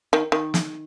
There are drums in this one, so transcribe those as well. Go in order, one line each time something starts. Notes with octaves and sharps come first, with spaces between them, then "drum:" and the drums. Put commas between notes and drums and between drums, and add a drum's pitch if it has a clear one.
D#3
D#3
drum: snare